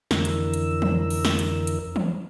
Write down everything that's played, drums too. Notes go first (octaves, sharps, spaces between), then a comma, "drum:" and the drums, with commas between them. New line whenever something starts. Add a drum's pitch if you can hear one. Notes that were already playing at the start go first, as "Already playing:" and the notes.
F2 D3 E3 A#4 E6, drum: snare
drum: hi-hat
drum: hi-hat
drum: tom E3
drum: open hi-hat
drum: snare
drum: hi-hat
drum: hi-hat
drum: tom E3